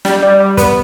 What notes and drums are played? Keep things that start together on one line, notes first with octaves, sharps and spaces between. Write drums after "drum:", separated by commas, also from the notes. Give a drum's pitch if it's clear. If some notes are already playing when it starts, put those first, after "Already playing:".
G3, drum: snare
G3
G3
B3, drum: kick, hi-hat